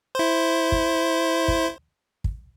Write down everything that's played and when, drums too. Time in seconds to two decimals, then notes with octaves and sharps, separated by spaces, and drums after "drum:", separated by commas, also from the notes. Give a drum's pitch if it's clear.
0.15 E4 C5
0.72 drum: kick
1.48 drum: kick
2.24 drum: kick